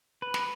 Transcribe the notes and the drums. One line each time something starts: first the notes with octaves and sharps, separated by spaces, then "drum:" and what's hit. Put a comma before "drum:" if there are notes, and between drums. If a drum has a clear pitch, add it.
B4
drum: snare